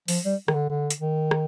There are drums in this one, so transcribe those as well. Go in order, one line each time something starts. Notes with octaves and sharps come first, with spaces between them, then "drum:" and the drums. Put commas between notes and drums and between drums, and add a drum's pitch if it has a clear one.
F3, drum: open hi-hat
G3
D#3, drum: rim click
D3
D3
drum: hi-hat
D#3
drum: rim click